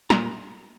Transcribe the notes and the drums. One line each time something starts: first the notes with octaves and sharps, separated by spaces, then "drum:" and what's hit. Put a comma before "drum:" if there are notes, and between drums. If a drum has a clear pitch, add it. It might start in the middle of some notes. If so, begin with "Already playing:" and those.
A#2 A#5, drum: snare